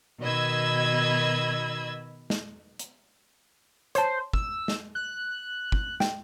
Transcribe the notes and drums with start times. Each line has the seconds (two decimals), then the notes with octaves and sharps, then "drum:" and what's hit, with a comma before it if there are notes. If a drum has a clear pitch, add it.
0.20 B2 D#3 D#5 B5 E6 G#6
2.30 drum: snare
2.79 drum: hi-hat
3.95 C5 C#5 A5, drum: hi-hat
4.33 E6, drum: kick
4.68 drum: snare
4.95 F#6
5.72 drum: kick
6.00 G5, drum: snare